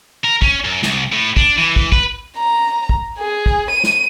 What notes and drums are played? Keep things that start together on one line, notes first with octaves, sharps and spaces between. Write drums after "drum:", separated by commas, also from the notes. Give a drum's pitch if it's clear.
A#4
C#4, drum: kick
F#2
C2, drum: snare
A2
D4, drum: kick
E3
drum: kick
B4, drum: kick
A#5
drum: kick
G#4
drum: kick
D#7
drum: snare